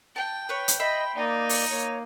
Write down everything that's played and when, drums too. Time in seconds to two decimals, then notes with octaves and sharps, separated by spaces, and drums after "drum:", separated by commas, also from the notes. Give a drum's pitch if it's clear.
0.16 G5 A5
0.49 B4 C#5
0.68 drum: hi-hat
0.79 C5 D#5 E5 B5
1.16 A#3 D#4 D5 D#5
1.49 drum: open hi-hat
1.70 A#3 C#5